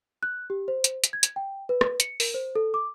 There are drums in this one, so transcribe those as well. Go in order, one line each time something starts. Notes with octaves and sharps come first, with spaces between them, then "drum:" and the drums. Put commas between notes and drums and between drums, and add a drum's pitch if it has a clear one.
F#6
G4
C5
drum: hi-hat
drum: hi-hat
G#6
drum: hi-hat
G5
B4
drum: rim click
C#7, drum: hi-hat
A#4, drum: open hi-hat
C5
A4
D6